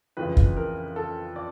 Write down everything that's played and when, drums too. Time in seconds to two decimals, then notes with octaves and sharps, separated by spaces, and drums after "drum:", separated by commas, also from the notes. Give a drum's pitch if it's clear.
0.17 F2 C#3 E3 G#3 B4
0.37 drum: kick
0.57 A#4
0.96 A4
1.36 D5